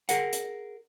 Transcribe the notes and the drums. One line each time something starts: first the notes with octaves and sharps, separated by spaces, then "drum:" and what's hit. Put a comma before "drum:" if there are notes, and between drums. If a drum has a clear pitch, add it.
G#4 A#4 F#5, drum: hi-hat
drum: hi-hat